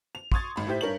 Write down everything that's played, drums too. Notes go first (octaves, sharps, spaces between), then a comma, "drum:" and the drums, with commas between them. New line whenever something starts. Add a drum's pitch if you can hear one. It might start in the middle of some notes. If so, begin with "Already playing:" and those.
F7
C6 C#6 D#6 G#6 A6, drum: kick
G#1 B5
A2 E4 G4 C5 G6 B6
G2 A#4 C#5 F#7